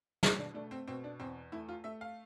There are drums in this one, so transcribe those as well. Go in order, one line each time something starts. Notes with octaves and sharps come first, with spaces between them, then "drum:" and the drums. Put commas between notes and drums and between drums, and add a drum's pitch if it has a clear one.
B2 E4, drum: snare
D4
A3 D4
C4
B2 C4
D4
E2 C4
A3 E4
F4
A3 E5
F5